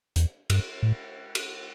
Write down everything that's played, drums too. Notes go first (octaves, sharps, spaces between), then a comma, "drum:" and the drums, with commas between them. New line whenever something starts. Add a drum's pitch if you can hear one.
E2, drum: hi-hat
G2, drum: cymbal
A2
drum: cymbal